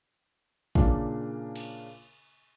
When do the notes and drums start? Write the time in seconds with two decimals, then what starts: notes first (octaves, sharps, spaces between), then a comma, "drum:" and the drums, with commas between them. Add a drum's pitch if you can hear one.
0.75 A#2 C#3 A#3 D4, drum: kick
1.55 drum: cymbal